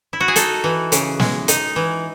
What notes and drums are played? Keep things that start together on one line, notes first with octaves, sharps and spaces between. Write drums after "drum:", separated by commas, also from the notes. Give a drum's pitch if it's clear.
E4
F#4
G#4
D#4 A4, drum: hi-hat
E3
C#3, drum: hi-hat
G#3, drum: snare
D#4, drum: hi-hat
E3